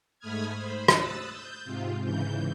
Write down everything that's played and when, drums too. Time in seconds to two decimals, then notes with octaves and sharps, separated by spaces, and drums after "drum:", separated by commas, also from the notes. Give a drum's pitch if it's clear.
0.19 G#2 A3 B5 D#6 F6 G#6
0.56 C5 B5
0.88 D#6 E6 F#6 A6, drum: rim click
1.31 G6
1.64 G#2 C3 F4
2.04 G#2 C#3 E3 G6